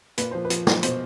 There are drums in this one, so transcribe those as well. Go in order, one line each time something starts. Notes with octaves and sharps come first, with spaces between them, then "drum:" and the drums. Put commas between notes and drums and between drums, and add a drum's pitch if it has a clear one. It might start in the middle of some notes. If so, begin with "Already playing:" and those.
A#2 B4, drum: hi-hat
F3 C5
B4
F3, drum: hi-hat
A#2, drum: snare
B2 C5, drum: hi-hat